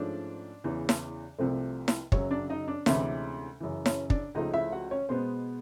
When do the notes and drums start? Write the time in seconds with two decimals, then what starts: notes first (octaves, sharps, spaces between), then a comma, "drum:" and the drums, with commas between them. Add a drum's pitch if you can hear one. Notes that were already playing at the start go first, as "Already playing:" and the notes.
Already playing: G#2 F3 A3 C#4 D4 D5
0.64 E2 C#3 E3
0.89 drum: snare E4
1.39 C2 C3 F3 A3 C4
1.88 drum: snare E4
2.12 F#2 C#3 F#3 C#4 C#5, drum: kick
2.31 D4 D5
2.50 D#4 D#5
2.68 D4 D5
2.86 D2 C3 E3 G#3 C#4 E4 E5, drum: snare E4
3.60 F#2 C#3 E3
3.86 C#4 C#5, drum: snare E4
4.10 D4 D5, drum: kick
4.35 C#2 C#3 F3 A3 D#4 D#5
4.54 E4 E5
4.72 F#4 F#5
4.91 C#4 C#5
5.09 B2 G#3 B3 C5